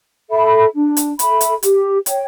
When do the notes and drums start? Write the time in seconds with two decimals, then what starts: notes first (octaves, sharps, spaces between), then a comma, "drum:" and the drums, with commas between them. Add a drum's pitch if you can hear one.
0.31 A4 E5 B5
0.75 D4
0.97 drum: hi-hat
1.19 A4 E5 B5, drum: hi-hat
1.41 drum: hi-hat
1.63 G4, drum: hi-hat
2.06 C#5 G5, drum: hi-hat